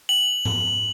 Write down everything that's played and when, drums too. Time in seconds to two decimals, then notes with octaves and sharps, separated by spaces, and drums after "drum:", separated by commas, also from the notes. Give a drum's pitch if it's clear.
0.09 F#7
0.45 drum: tom G#2